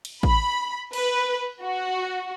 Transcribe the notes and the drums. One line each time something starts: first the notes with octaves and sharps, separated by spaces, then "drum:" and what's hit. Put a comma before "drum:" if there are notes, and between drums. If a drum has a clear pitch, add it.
drum: cymbal
B5, drum: kick A1
B4, drum: cymbal
F#4